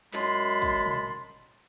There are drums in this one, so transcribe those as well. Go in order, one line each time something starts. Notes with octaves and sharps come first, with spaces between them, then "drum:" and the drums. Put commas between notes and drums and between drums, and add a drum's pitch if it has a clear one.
F#2 G#3 A5 B5 C6, drum: clap
drum: kick
drum: tom